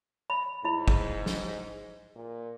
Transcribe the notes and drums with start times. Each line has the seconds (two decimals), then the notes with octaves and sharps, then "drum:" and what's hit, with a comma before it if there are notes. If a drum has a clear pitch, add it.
0.30 B5
0.64 G#2 E4 B5
0.88 drum: kick
1.26 drum: snare
2.16 A#2